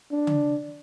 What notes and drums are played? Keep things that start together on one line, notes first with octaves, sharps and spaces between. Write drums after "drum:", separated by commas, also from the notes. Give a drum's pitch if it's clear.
D4
drum: tom C#3